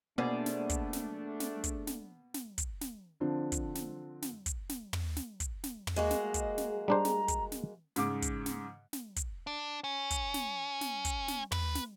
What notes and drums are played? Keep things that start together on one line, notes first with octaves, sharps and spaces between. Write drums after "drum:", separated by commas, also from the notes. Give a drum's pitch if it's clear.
B2 A3 A#3 D4 G#4 C5 D5
drum: snare
drum: kick, hi-hat
drum: snare
drum: snare
drum: kick, hi-hat
drum: snare
drum: snare
drum: kick, hi-hat
drum: snare
D3 F3 C4 D4
drum: kick, hi-hat
drum: snare
drum: snare
drum: kick, hi-hat
drum: snare
drum: tom
drum: snare
drum: kick, hi-hat
drum: snare
drum: tom
G#3 A#3 F#4 G#4 D#5
drum: snare
drum: kick, hi-hat
drum: snare
G3 D4 C5 A#5
drum: snare
drum: kick, hi-hat
drum: snare
G#2 C#3 D6, drum: snare
drum: kick, hi-hat
drum: snare
drum: snare
drum: kick, hi-hat
D4
C#4
drum: kick, hi-hat
drum: snare
drum: snare
drum: kick, hi-hat
drum: snare
B4, drum: tom
drum: snare